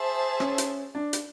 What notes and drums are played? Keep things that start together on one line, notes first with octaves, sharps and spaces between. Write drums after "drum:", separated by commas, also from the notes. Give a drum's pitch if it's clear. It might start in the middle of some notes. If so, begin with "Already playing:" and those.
Already playing: G#4 C5 E5 A5
C#4, drum: rim click
drum: hi-hat
D4
drum: hi-hat